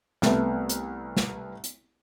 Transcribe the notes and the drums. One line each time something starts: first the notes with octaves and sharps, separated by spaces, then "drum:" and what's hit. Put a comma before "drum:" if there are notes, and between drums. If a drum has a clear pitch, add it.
C2 A3 B3, drum: snare
drum: hi-hat
drum: snare
drum: hi-hat